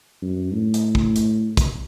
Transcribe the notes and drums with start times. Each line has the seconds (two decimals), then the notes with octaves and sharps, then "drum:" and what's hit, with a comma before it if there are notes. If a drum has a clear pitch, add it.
0.22 F#2
0.54 A2
0.74 drum: hi-hat
0.95 drum: kick
1.16 drum: hi-hat
1.57 drum: kick, hi-hat